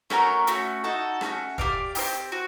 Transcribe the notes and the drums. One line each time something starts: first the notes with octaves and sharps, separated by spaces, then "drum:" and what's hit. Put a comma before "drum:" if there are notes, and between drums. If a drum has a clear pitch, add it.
A3 C#4 F#4 A#4, drum: rim click
A3 C#4 F#4, drum: hi-hat
D#4 F#4 A4
A3 C#4 F#4, drum: rim click
G4 A#4 D5 F5, drum: kick E1
C4 E4 G4, drum: open hi-hat
F#4